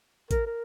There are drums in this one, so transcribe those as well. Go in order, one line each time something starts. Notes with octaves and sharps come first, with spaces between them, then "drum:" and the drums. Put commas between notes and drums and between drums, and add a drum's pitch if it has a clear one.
A#4, drum: kick A1, hi-hat
A#4